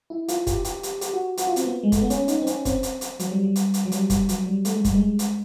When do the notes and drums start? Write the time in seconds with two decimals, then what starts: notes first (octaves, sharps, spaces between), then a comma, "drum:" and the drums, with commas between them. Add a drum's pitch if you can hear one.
0.10 E4
0.28 F4, drum: hi-hat
0.47 G4, drum: kick, hi-hat
0.64 G4, drum: hi-hat
0.83 drum: hi-hat
1.01 G4, drum: hi-hat
1.13 F#4
1.37 F#4, drum: hi-hat
1.47 F4
1.56 C4, drum: hi-hat
1.65 B3
1.83 G#3
1.92 A3, drum: kick, hi-hat
2.01 B3
2.10 C#4, drum: hi-hat
2.28 D#4, drum: hi-hat
2.42 C4
2.47 C#4, drum: hi-hat
2.65 C4, drum: kick, hi-hat
2.83 drum: hi-hat
3.01 drum: hi-hat
3.19 F#3, drum: hi-hat
3.32 G3
3.44 G3
3.56 drum: hi-hat
3.74 drum: hi-hat
3.85 F#3
3.92 G3, drum: hi-hat
4.10 G3, drum: kick, hi-hat
4.29 F#3, drum: hi-hat
4.46 G3
4.65 A3, drum: hi-hat
4.75 G#3
4.84 G3, drum: kick, hi-hat
4.94 G#3
5.19 drum: hi-hat